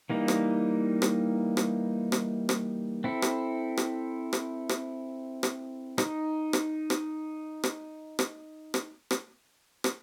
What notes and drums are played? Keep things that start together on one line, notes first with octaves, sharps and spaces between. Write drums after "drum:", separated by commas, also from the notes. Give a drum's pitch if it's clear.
E3 G3 A#3 D#4
drum: rim click
drum: rim click
drum: rim click
drum: rim click
drum: rim click
C4 E4 A4
drum: rim click
drum: rim click
drum: rim click
drum: rim click
drum: rim click
D#4, drum: rim click
drum: rim click
drum: rim click
drum: rim click
drum: rim click
drum: rim click
drum: rim click
drum: rim click